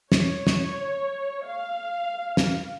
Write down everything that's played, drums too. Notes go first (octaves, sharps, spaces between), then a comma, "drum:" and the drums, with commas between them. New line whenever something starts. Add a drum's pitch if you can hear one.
C#5, drum: snare
drum: snare
F5
drum: snare